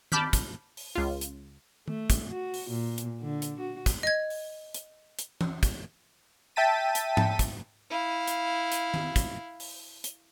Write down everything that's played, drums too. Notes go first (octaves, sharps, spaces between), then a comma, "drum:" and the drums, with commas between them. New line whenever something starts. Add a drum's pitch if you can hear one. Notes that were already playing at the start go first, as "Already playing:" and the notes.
A5 B5 D6 F6 G6 B6, drum: tom D#3
drum: kick, hi-hat
drum: open hi-hat
C#2 F4
drum: hi-hat
A3, drum: tom D#3
drum: kick, hi-hat
F#4
drum: open hi-hat
A#2
drum: hi-hat
D3
drum: hi-hat
F#4
drum: kick, hi-hat
D#5 G#6
drum: open hi-hat
drum: hi-hat
drum: hi-hat
drum: tom
drum: kick, hi-hat
E5 G5 A5 A6 B6 D#7
drum: hi-hat
drum: tom G#2
drum: kick, hi-hat
E4 F5
drum: hi-hat
drum: hi-hat
drum: tom D#3
drum: kick, hi-hat
drum: open hi-hat
drum: hi-hat